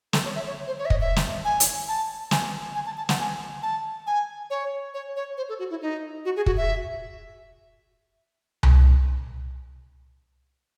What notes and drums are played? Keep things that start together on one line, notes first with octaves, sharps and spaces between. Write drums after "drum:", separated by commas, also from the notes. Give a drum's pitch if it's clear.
A4, drum: snare
C#5
E5
C#5
C5
C#5
E5
D#5, drum: kick
E5
drum: snare
G#5
drum: hi-hat
A5
G#5, drum: snare
G#5
A5
A5
F#5, drum: snare
G#5
A5
G#5
C#5
C#5
C#5
C5
A4
F#4
E4
D#4
F#4
G#4
F#4, drum: kick
E5
drum: tom C2